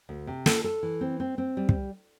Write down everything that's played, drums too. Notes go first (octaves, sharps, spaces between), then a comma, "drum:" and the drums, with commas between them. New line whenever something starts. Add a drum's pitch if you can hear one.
D2
C3
A4, drum: snare
A4
E3
C4
C4
C4
G3
drum: kick